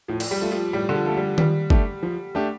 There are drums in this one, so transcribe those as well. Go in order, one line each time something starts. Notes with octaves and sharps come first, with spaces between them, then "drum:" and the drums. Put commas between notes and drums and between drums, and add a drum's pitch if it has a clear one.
A2 F3
drum: cymbal
G3
A3 F4 A4
F3
A2 G3
D3
F3
A3 F4 A4
G3
F3 G3, drum: tom D#3
A3 D4 G4, drum: kick
F3
A3 D4 G4